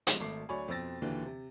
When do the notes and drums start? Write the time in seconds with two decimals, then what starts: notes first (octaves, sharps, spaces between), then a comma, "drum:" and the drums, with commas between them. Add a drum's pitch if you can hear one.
0.07 B1 C3 F3 G#3, drum: hi-hat
0.20 G#1 A3 D6 C7
0.49 D2 F#3 C#5 D5 G#5 B5
0.68 F2 B2 C4 E6 A6 A#6
1.02 D#2 A#2 D3 E3 F#3 D4
1.26 C3